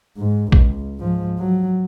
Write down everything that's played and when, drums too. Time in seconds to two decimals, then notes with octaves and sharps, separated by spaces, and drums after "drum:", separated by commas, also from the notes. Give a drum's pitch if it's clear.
0.18 G#2
0.52 C#2, drum: kick A#1
0.98 G#2 F3
1.38 F#3